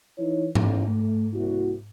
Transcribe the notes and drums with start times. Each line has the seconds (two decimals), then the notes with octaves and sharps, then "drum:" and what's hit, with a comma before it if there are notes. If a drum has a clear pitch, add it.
0.18 E3 D#4 E4 C#5
0.55 A1, drum: tom G#2
0.88 A3
1.33 C2 A#3 E4 F#4